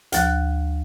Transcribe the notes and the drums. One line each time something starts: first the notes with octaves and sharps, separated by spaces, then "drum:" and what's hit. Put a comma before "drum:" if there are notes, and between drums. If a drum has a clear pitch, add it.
D2 F3 F#6, drum: hi-hat